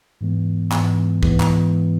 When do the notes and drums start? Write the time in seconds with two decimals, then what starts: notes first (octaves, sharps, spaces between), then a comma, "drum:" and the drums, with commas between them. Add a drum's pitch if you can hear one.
0.21 G#2 E3 G#3 B3
0.72 G#2 E3 G#3 B3, drum: clap
1.23 G#2 E3 G#3 B3, drum: kick
1.40 drum: clap